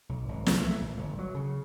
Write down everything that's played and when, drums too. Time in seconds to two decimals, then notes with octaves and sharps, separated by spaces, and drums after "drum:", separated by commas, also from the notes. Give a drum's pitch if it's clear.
0.09 B1
0.28 G#1
0.47 C2, drum: snare
0.61 A3
0.81 A#1
0.97 G1
1.19 F#3
1.34 C#3